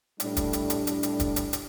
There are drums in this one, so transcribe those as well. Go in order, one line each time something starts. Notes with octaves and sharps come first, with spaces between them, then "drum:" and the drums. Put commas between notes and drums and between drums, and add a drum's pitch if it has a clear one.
A2 G3 D4, drum: hi-hat
drum: kick E1, hi-hat
drum: hi-hat
drum: hi-hat
A2 G3, drum: hi-hat
drum: hi-hat
drum: kick E1, hi-hat
drum: hi-hat
drum: hi-hat